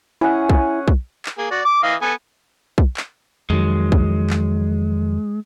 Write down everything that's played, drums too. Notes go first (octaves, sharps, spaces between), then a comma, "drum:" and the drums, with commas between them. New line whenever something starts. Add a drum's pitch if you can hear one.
C#4 E4 G#4 F#5
drum: kick
drum: kick
drum: clap
A#3 G#4
F#4 D5
D6
E3 D#5 F5
B3 A4 G#5
drum: kick
drum: clap
F2 D#3 F#3 G#3
drum: kick
drum: clap